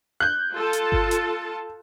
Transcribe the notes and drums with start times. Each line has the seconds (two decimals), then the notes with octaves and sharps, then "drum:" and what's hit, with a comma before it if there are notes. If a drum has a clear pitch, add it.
0.20 F#6 G6
0.54 F4 A4 A5
0.73 drum: hi-hat
0.92 drum: kick G1
1.11 drum: hi-hat